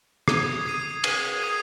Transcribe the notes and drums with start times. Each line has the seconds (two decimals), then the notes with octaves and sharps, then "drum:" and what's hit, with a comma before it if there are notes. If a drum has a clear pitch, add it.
0.28 D#6 G#6 C7 D#7, drum: rim click
0.65 D#6 G#6 C7 D#7
1.04 D#6 G#6 C7 D#7, drum: cymbal
1.42 D#6 G#6 C7 D#7